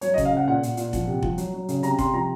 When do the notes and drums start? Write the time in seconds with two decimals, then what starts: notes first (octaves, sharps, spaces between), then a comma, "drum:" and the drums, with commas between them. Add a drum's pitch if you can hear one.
0.01 F#3 C#5, drum: hi-hat
0.14 D#5
0.18 C#3, drum: kick F1, hi-hat
0.25 F5
0.33 C#3 F#5
0.48 A#2 F#5
0.63 A#2, drum: hi-hat
0.77 A#2, drum: hi-hat
0.93 F3, drum: kick F1, hi-hat
1.07 C3
1.23 F3, drum: kick F1
1.38 F#3, drum: hi-hat
1.54 F#3
1.69 C#3, drum: hi-hat
1.83 C3 A#5, drum: hi-hat
1.98 C3 C6, drum: kick F1, hi-hat
2.13 F3 A#5